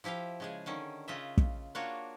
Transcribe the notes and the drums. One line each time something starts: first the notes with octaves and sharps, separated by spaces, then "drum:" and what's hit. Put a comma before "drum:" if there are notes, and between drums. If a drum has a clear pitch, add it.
F3 E4 G4 C5 F5
C#3 G#3 G#4
D3 D#3 C#4
C#3 F4 D#5 E5
drum: kick
A#3 D4 F4 F#4 C#5